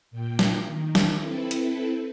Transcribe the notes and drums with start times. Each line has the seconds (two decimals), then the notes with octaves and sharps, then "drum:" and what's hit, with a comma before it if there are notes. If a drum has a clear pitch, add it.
0.11 A#2 G5
0.39 drum: snare
0.66 D#3
0.95 drum: snare
1.19 C4 E4 A4 B4
1.51 drum: hi-hat